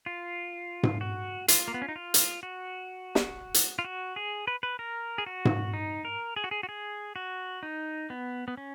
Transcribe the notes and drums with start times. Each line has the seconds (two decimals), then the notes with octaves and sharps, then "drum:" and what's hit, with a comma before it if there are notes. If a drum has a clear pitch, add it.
0.06 F4
0.83 drum: tom G#2
1.01 F#4
1.48 F4, drum: hi-hat
1.68 A#3
1.74 B3
1.82 C#4
1.88 D#4
1.96 F4
2.14 drum: hi-hat
2.43 F#4
3.15 drum: snare
3.54 drum: hi-hat
3.79 F4
3.85 F#4
4.16 G#4
4.47 B4
4.63 B4
4.79 A#4
5.18 G#4
5.26 F#4
5.45 drum: tom G#2
5.74 D#4
6.05 A#4
6.36 G#4
6.44 F#4
6.51 G#4
6.63 F#4
6.69 G#4
7.16 F#4
7.63 D#4
8.10 B3
8.48 B3
8.57 C#4